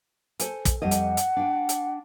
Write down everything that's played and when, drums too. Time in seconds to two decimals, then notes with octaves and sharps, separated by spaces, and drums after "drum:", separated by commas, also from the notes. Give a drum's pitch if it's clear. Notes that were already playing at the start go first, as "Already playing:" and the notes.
0.39 A4 C5 G#5, drum: hi-hat
0.65 drum: kick, hi-hat
0.82 F2 G3 D#5 F#5
0.91 drum: hi-hat
1.17 drum: hi-hat
1.37 D4 G5
1.69 drum: hi-hat